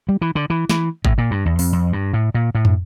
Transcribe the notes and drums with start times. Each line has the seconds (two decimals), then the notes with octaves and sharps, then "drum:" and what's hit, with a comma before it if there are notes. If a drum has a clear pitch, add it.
0.09 G3
0.21 E3
0.35 D3
0.50 E3
0.69 E3, drum: snare
1.05 A2, drum: kick G#1
1.18 A#2
1.31 G2
1.46 E2
1.59 F2, drum: open hi-hat
1.72 F2
1.93 G2
2.13 A2
2.34 A#2
2.55 A2
2.65 drum: tom